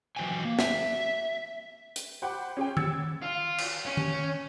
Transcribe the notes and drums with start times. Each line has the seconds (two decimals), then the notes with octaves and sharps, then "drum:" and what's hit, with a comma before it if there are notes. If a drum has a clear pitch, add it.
0.16 E3 F#3 C5 G5 G#5
0.45 A#3
0.59 E5, drum: snare
1.96 drum: hi-hat
2.22 C5 F#5 G5 B5 D6
2.57 C#4 G#4 C5 G5
2.77 E6 G#6 A6 C#7, drum: tom D#3
3.22 F4
3.58 drum: cymbal
3.85 C#4
3.97 drum: tom D#3